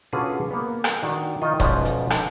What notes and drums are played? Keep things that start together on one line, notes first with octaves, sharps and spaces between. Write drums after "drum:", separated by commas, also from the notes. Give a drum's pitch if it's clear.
D3 C#4 F4 F#4 G#4 B4
A#3 B3
drum: rim click
D#3 D4 F#4
D#3 D#4 F4 D#5
B1 G#2 F3 C#4 B4 D5, drum: kick D#1, hi-hat
drum: hi-hat
D3, drum: rim click